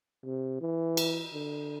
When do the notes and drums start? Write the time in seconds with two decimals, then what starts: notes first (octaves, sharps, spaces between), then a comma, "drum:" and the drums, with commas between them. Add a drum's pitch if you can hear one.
0.25 C3
0.61 E3
0.97 drum: cymbal
1.33 D3